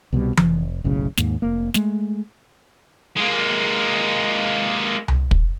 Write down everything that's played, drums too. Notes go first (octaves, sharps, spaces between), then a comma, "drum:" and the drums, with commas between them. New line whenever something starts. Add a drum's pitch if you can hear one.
C2 B2 E3 G3
F1, drum: tom E3
F#1 B1 A2 C#3
D#2 G#2 A#3, drum: snare
F1 A#3
G#3 A3, drum: snare
G#3 A#3
drum: tom C2
drum: kick